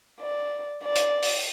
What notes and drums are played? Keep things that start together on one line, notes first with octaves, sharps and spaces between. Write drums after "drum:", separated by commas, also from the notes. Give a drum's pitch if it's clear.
D5
D5
drum: hi-hat
drum: open hi-hat